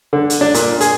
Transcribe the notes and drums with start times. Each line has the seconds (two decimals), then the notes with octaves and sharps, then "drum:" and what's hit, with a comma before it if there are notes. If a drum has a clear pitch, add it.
0.13 D3
0.30 drum: hi-hat
0.41 D4
0.54 A#2, drum: hi-hat
0.81 G#4, drum: hi-hat